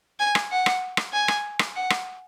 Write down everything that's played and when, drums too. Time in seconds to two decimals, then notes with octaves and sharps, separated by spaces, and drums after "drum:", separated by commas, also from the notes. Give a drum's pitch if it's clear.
0.20 G#5
0.35 drum: rim click
0.51 F#5
0.66 drum: rim click
0.97 drum: rim click
1.13 G#5
1.28 drum: rim click
1.59 drum: rim click
1.75 F#5
1.90 drum: rim click